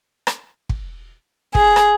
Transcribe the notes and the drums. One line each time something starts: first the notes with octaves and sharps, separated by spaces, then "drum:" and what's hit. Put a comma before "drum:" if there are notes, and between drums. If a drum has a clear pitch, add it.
drum: rim click
drum: kick
G#4, drum: kick
drum: rim click